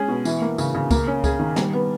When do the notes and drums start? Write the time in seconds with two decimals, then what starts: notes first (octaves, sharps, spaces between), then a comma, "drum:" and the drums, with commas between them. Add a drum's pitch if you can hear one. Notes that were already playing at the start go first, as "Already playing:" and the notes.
Already playing: G#3 C#4 G#4
0.08 B2
0.25 E3, drum: tambourine
0.41 A#3
0.58 C#3, drum: tambourine
0.75 C#3
0.91 A#3, drum: kick C#2, tambourine
1.07 C#4
1.24 G#4, drum: kick C#2, tambourine
1.39 D#3
1.56 G3, drum: snare
1.73 B3